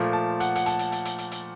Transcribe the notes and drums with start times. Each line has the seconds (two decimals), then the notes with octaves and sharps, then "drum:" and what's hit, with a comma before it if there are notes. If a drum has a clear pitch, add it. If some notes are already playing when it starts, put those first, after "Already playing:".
Already playing: A#2 F3 A3
0.13 A5
0.40 F#5, drum: hi-hat
0.55 F#5, drum: hi-hat
0.66 A5, drum: hi-hat
0.79 drum: hi-hat
0.92 drum: hi-hat
1.05 drum: hi-hat
1.18 drum: hi-hat
1.31 drum: hi-hat